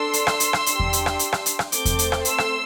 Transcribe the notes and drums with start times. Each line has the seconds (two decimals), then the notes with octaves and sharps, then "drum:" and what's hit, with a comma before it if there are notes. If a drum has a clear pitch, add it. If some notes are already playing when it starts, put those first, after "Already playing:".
Already playing: D4 A4 C6 E6
0.13 drum: hi-hat
0.27 drum: rim click
0.40 drum: hi-hat
0.53 drum: rim click
0.66 D4 G4, drum: hi-hat
0.80 drum: kick E2
0.93 drum: hi-hat
1.06 drum: rim click
1.19 drum: hi-hat
1.32 drum: rim click
1.46 drum: hi-hat
1.59 drum: rim click
1.72 A3 C4 A4 D6 G6, drum: hi-hat
1.85 drum: kick E2, hi-hat
1.99 drum: hi-hat
2.12 drum: rim click
2.25 C6 E6, drum: hi-hat
2.38 drum: rim click